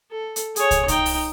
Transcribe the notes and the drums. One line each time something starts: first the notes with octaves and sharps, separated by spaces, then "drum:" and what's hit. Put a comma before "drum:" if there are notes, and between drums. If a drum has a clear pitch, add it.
A4
drum: hi-hat
G#4 C#5, drum: hi-hat
drum: kick, hi-hat
D#4 G5, drum: kick, hi-hat
drum: open hi-hat